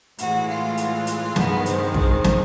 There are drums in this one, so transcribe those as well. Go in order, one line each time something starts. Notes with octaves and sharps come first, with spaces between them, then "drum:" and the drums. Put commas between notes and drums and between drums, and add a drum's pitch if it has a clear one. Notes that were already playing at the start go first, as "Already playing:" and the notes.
A2 E3 G#3 F#4, drum: hi-hat
F4
drum: hi-hat
drum: hi-hat
G2 D#3 G#3 B3, drum: snare
C4, drum: hi-hat
C4, drum: kick
drum: snare